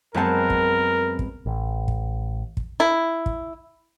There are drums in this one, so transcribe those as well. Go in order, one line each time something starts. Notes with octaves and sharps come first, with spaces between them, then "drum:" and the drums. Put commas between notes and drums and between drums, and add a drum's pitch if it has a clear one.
F#2 G#3 B3 C4 A#4 A5
drum: kick
drum: kick
A1
drum: kick
drum: kick
E4
drum: kick